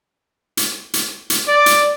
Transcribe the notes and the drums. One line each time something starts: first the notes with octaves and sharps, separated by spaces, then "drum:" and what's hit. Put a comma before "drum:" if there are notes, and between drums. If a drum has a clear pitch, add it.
drum: hi-hat
drum: hi-hat
drum: hi-hat
D5
drum: hi-hat